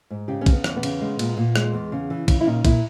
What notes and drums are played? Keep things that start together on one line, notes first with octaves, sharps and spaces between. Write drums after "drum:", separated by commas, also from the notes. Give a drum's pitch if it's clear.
G#2
C#3 G4
C#4
C#3, drum: kick, cymbal
B3
E2, drum: rim click
B3
C#3, drum: cymbal
G#3
A#2, drum: cymbal
A#2
G#3, drum: rim click
E2
C#3
E3
C#3, drum: kick, cymbal
E4
A#2 D#4
A#2 E4, drum: kick, cymbal